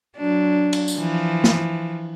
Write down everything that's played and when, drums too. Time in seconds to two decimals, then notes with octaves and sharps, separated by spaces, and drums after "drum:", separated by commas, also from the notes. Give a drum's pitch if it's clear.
0.17 F#3 D4
0.73 drum: cymbal
0.88 drum: tambourine
0.97 E3 F3
1.44 drum: snare